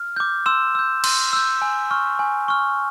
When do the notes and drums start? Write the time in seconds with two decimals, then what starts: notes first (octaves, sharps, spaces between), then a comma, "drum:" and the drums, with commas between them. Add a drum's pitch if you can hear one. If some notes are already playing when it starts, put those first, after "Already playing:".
Already playing: F6
0.16 D6 G6
0.46 C6 E6 E7
0.75 E6 G6
1.04 C6, drum: cymbal
1.33 E6 G6
1.62 G#5
1.91 C#6 F6
2.19 G#5
2.48 C#6 F6